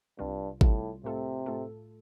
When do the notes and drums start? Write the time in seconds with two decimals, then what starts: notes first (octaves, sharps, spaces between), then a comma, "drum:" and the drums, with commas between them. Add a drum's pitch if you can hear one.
0.19 C2 G2 C3 G3 F4
0.61 C2 A2 C3 G3 F4, drum: kick G#1
1.04 A2 C3 A3 F4 A4
1.46 A2 A3 F4 A4